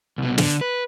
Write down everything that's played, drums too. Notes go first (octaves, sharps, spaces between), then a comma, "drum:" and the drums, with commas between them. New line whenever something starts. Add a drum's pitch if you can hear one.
C2 B2
D3, drum: snare
B4